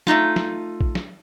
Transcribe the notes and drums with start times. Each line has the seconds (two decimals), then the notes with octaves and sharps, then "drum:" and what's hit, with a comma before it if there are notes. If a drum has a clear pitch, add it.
0.07 A3 C#4 D#4 F4, drum: snare
0.36 drum: snare
0.81 drum: kick A#1
0.95 drum: snare